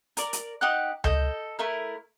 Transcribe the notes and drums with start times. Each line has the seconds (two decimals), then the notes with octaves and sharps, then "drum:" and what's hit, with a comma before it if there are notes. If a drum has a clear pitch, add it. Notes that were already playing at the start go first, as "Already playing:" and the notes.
0.17 A#4 D5, drum: hi-hat
0.33 drum: hi-hat
0.61 D#4 G4 F#5 F#6
1.04 A4 D#5 G6, drum: tom C#2
1.59 A3 E4 A#4